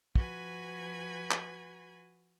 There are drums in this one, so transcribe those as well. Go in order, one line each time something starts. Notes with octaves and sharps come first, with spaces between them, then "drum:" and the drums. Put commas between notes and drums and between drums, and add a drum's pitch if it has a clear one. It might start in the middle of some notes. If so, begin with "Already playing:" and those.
F3 F#4 B4 G#5 B5 G#6, drum: kick
drum: clap